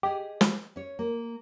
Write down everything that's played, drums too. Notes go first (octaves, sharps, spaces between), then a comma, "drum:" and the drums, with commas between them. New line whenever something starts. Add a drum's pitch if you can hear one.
G4 G#4 D#5
drum: snare
C#4 C#5
A#3